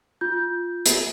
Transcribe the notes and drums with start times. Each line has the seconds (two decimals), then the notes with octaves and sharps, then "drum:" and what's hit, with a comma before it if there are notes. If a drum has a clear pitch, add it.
0.21 F4 G6
0.86 drum: hi-hat